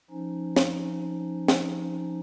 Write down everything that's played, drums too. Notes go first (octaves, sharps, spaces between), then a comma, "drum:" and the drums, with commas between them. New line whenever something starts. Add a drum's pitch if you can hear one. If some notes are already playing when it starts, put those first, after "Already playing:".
F3 C#4 D#4
drum: snare
drum: snare